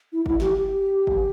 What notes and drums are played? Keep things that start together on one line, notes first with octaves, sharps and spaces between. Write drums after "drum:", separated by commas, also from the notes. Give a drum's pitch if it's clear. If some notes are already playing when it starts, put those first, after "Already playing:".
E4
E4, drum: kick G1
G4, drum: snare
G4
drum: kick G1